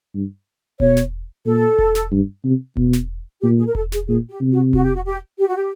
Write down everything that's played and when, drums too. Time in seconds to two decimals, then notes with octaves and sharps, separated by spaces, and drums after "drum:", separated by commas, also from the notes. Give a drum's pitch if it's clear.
0.14 G2
0.80 B2 C#5, drum: kick E1
0.97 drum: snare
1.45 A#2 A4
1.78 drum: kick E1
1.95 drum: snare
2.11 G2
2.44 C3
2.77 B2, drum: kick E1
2.93 drum: snare
3.42 A#2 G4
3.58 G#4
3.67 A#4
3.75 A4, drum: kick E1
3.92 G#4, drum: snare
4.07 A#2 G#4
4.29 G4
4.40 C3
4.52 F#4
4.73 F#4, drum: kick E1
4.83 G4
4.95 F#4
5.06 G4
5.39 G4
5.48 F#4
5.56 G4